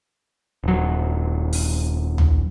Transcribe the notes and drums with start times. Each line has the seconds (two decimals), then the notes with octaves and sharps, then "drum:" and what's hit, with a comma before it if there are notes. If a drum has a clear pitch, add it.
0.64 D#1 F#3
1.53 drum: open hi-hat
2.18 drum: tom